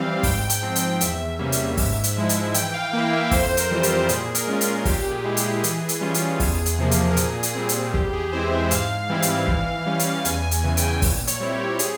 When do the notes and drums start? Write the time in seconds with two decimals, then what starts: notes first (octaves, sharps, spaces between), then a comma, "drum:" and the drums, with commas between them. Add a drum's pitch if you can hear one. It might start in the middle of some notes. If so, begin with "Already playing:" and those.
Already playing: E3 G3 C4 F5
0.23 G#2 G5, drum: kick, open hi-hat
0.50 drum: hi-hat
0.62 F3 C4
0.76 G5, drum: hi-hat
1.01 E2 E5, drum: hi-hat
1.39 C3 G3 A#3 C#4
1.52 drum: hi-hat
1.77 G#2, drum: kick, open hi-hat
2.04 drum: hi-hat
2.16 F3 G#3 E4
2.29 drum: hi-hat
2.54 E3 G5, drum: hi-hat
2.74 F5
2.93 A#3 E4 F5
3.13 E5
3.31 F2 C5, drum: kick, open hi-hat
3.57 A#4, drum: hi-hat
3.71 E3 G3 C4 F4
3.83 G4, drum: hi-hat
4.09 A#2 G#4, drum: hi-hat
4.35 A#4, drum: hi-hat
4.47 G#3 C#4 F4
4.61 G#4, drum: hi-hat
4.85 A#2 G4, drum: kick, open hi-hat
5.11 G#4
5.24 G#3 E4
5.37 G#4, drum: hi-hat
5.64 E3, drum: hi-hat
5.89 drum: hi-hat
6.01 G3 C#4 F4
6.14 drum: hi-hat
6.40 E2, drum: kick, open hi-hat
6.66 drum: hi-hat
6.79 C3 F3 A#3
6.91 drum: hi-hat
7.11 A#4
7.17 A#2 G#4, drum: hi-hat
7.43 G#4, drum: hi-hat
7.55 G3 C4
7.69 G#4, drum: hi-hat
7.94 E2 G4, drum: kick
8.13 G#4
8.32 E3 G#3 C4 E4 C5
8.52 E5
8.71 G#2 F5, drum: hi-hat
9.09 E3 G3 C4 E4
9.22 drum: hi-hat
9.48 E3, drum: kick
9.86 G3 C#4
9.99 drum: hi-hat
10.25 E2 G#5, drum: hi-hat
10.51 G#5, drum: hi-hat
10.64 C#3 E3
10.77 G5, drum: hi-hat
11.02 A#2, drum: kick, open hi-hat
11.27 C#5, drum: hi-hat
11.40 G3 C4 E4
11.54 G4
11.79 G#4, drum: hi-hat